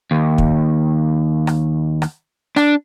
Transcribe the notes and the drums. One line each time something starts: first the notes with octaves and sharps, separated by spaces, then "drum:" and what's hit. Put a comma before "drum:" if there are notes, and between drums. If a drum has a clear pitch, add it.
D#2
drum: kick
drum: rim click
drum: rim click
D4, drum: rim click